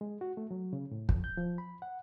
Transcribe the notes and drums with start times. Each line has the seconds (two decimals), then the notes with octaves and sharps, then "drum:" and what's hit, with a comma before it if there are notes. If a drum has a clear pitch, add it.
0.01 G#3
0.21 F#4
0.37 A3
0.51 F#3
0.73 C#3
0.91 A2
1.09 F2, drum: kick
1.24 G6
1.37 F3
1.58 B5
1.82 F#5